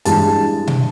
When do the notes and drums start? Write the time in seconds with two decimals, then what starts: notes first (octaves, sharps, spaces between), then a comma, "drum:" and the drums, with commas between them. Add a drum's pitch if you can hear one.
0.05 G2 E3 G#3 A5, drum: hi-hat
0.67 drum: tom B2